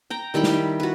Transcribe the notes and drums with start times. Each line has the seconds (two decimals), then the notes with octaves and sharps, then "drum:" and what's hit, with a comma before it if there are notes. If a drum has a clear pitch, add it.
0.10 G5 A#5
0.34 D#3 G3 E4 G5
0.43 drum: snare
0.80 F#4 B4